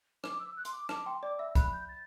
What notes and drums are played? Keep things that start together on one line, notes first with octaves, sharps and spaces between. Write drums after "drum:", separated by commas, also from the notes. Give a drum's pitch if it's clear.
D6, drum: rim click
E6
F#6
C6, drum: hi-hat
D6
A5 D6, drum: rim click
G5 C6
D5 D6
E5 E6
B5 F#6, drum: kick, hi-hat
G6
A6